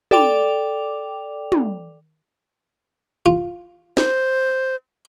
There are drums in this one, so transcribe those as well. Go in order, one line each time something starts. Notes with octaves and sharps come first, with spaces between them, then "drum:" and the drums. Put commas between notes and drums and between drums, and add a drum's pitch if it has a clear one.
A4 D5 G5 D6 F7, drum: tom
drum: tom
F4
C5, drum: snare